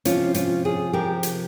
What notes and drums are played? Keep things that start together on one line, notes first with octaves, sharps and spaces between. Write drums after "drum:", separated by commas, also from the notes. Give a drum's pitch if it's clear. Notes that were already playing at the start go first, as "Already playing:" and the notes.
C3 F3 C#4 F4, drum: hi-hat
C#4 F4, drum: hi-hat
F4 G#4
C3 F3 G4 A#4
drum: hi-hat